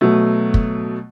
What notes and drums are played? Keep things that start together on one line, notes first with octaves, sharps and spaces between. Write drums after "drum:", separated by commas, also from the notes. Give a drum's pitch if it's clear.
B2 F#3 A3
drum: kick